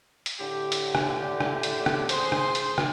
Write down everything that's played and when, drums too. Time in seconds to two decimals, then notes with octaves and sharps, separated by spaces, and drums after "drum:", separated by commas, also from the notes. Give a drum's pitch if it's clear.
0.26 drum: hi-hat
0.40 A2 D3 G4
0.72 drum: hi-hat
0.95 drum: rim click
1.40 drum: rim click
1.63 drum: hi-hat
1.86 drum: rim click
2.09 G#4 C5 C6, drum: hi-hat
2.32 drum: rim click
2.55 drum: hi-hat
2.78 drum: rim click